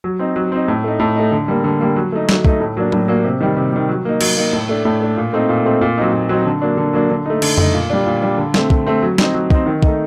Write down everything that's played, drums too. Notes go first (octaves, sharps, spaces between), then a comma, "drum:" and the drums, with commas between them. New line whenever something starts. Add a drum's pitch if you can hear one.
F#3
C4 D#4
F#3
C4 D#4
A2
A3 D#4
A2
A3 D#4
D3
G3 A#3
D3
G3 A#3
F#3
A3 D#4
F#3, drum: snare
A3 D#4, drum: kick
A2
F#3 A#3 D4
A2, drum: tom F#3
F#3 A#3 D4
C3
D#3 G3
C3
D#3 G3
F#3
A#3 D#4
F#3, drum: cymbal
A#3 D#4
A2
A3 D4
A2
A3 D4
A#2
A3 C4 D#4
A#2
A3 C4 D#4
A#2
F#3 C4 D#4
A#2
F#3 C4 D#4
D3
F#3 A#3 D4
D3
F#3 A#3 D4
D3
A3 D#4
D3, drum: cymbal
A3 D#4, drum: tom F2
A#2
G3 D4
A#2
G3 D4
D3
A3 C4, drum: snare
D3, drum: kick
A3 C4
F#3
C4 D#4, drum: snare
F#3
C4 D#4, drum: kick
D#3
A3 D#4, drum: kick